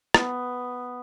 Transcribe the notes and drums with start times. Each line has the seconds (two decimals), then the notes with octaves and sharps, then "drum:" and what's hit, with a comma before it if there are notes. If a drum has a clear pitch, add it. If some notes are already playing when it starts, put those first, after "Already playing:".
0.14 B3, drum: rim click